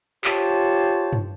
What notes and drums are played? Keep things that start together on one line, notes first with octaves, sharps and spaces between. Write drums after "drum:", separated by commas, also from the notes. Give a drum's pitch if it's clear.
F4 G4 C5 C#5 A5, drum: clap
drum: tom G2